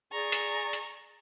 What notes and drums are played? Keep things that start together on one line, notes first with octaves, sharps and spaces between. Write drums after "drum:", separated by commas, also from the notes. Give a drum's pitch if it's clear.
G#4 D5 G#5 A#5 C#6
drum: hi-hat
drum: hi-hat